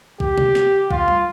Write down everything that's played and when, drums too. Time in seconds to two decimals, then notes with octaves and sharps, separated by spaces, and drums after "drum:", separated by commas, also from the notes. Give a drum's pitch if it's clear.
0.20 G4, drum: kick
0.38 drum: tom
0.55 drum: snare
0.91 F4, drum: kick
1.08 drum: tom